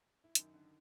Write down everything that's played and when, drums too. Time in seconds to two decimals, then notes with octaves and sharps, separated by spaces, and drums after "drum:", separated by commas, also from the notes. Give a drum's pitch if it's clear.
0.24 E4
0.35 F#2 D#3 D#4, drum: hi-hat
0.54 D3